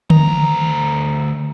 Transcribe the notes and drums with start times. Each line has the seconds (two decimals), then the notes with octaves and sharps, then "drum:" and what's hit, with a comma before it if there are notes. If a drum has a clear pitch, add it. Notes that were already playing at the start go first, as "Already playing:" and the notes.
0.10 D2 A#5, drum: tom D3